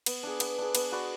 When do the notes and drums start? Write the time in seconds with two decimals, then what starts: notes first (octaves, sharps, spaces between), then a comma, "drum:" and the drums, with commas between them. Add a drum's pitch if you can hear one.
0.06 B3, drum: cymbal
0.23 D4 G#4
0.40 B3, drum: cymbal
0.58 D4 G#4
0.75 B3, drum: cymbal
0.92 F#4 B4 D5